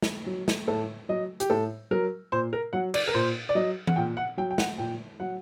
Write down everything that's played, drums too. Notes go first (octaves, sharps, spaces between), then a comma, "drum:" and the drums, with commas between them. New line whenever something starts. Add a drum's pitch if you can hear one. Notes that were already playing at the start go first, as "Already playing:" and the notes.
drum: snare
F#3
drum: snare
A2 A4
F#3 D#5
G4, drum: hi-hat
A2 A4
F#3 A#4
A#2 C5
A#4
F#3 F#5
D5, drum: cymbal
A#4
A#2 C5
D5
F#3 D#5
F#5, drum: tom E3
A#2 G5
F#5
F#3 G5
G5
F#5, drum: snare
A#2 G5
F#3 F#5